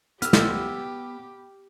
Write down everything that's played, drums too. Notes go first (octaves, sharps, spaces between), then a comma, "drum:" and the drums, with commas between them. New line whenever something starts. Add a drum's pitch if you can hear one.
B3 G4 E6 F6, drum: hi-hat
drum: snare